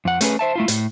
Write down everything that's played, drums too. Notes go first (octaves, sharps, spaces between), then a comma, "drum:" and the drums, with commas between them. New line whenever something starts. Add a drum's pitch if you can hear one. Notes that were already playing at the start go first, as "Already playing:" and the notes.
F2 F#5
A3 C#4 G#4 B4, drum: hi-hat
C5 E5 A5
A3 E4 F4
A2, drum: hi-hat